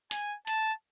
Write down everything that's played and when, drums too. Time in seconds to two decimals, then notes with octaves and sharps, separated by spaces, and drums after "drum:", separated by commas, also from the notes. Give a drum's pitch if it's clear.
0.11 G#5, drum: hi-hat
0.47 A5, drum: hi-hat